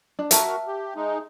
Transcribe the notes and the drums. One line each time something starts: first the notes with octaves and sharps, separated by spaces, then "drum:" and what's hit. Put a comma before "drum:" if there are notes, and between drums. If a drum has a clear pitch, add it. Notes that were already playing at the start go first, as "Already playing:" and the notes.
D4
F#4 A#4 E5 A5, drum: hi-hat
G4
G#3 D#4